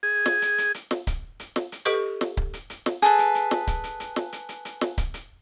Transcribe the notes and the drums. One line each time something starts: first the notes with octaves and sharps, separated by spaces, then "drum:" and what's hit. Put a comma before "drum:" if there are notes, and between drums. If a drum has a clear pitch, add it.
G#4
drum: snare
drum: hi-hat
drum: hi-hat
drum: hi-hat
drum: snare
drum: kick C#1, hi-hat
drum: hi-hat
drum: snare
drum: hi-hat
G4 A4 B4 D#5 C#6
drum: snare
drum: kick C#1
drum: hi-hat
drum: hi-hat
drum: snare
G#4 A4 B4, drum: hi-hat
drum: hi-hat
drum: hi-hat
drum: snare
drum: kick C#1, hi-hat
drum: hi-hat
drum: hi-hat
drum: snare
drum: hi-hat
drum: hi-hat
drum: hi-hat
drum: snare
drum: kick C#1, hi-hat
drum: hi-hat